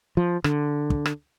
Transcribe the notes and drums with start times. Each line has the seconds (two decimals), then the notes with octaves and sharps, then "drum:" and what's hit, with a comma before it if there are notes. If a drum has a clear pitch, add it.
0.17 F3
0.44 D3, drum: rim click
0.90 drum: kick
1.06 drum: rim click